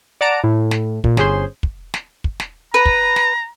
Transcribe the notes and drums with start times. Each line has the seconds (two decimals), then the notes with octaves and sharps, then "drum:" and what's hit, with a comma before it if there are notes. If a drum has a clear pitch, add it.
0.21 D5 F#5 A5 A#5 D7
0.43 A2
0.71 drum: snare
1.04 A#2, drum: kick
1.17 G1 C#4 G#4 C5 C6, drum: snare
1.63 drum: kick
1.94 drum: snare
2.24 drum: kick
2.40 drum: snare
2.74 B4 A#5
2.86 drum: kick
3.16 drum: snare